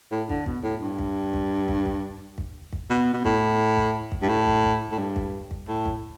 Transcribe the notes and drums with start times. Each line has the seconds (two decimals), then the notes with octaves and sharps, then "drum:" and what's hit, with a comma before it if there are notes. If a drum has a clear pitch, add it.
0.12 A2
0.29 D3, drum: kick
0.46 B2, drum: kick
0.64 A2
0.82 G2
0.99 drum: kick
1.33 drum: kick
1.68 drum: kick
1.86 drum: kick
2.38 drum: kick
2.73 drum: kick
2.90 B2
3.13 B2
3.25 A2, drum: kick
3.77 drum: kick
4.12 drum: kick
4.22 G2
4.29 A2
4.46 drum: kick
4.64 drum: kick
4.92 A2
4.98 G2
5.16 drum: kick
5.51 drum: kick
5.68 A2
5.86 drum: kick